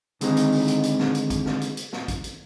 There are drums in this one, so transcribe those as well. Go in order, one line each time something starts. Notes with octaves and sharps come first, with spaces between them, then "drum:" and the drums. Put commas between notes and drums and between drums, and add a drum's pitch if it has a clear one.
D3 D#3 G#3 C4 D#4, drum: hi-hat
drum: hi-hat
drum: open hi-hat
drum: hi-hat
drum: hi-hat
drum: snare
drum: hi-hat
drum: kick, hi-hat
drum: snare
drum: hi-hat
drum: hi-hat
drum: snare
drum: kick, hi-hat
drum: hi-hat